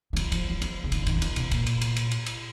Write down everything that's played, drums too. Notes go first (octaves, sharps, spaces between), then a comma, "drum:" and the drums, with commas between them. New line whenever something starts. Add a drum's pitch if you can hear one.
F3
F#3, drum: cymbal
F3, drum: cymbal
F#3
F3, drum: cymbal
C#3
D#3, drum: cymbal
F3
D#3, drum: cymbal
F3
D#3, drum: cymbal
B2, drum: cymbal
A#2, drum: cymbal
drum: cymbal
drum: cymbal
drum: cymbal
drum: cymbal
drum: cymbal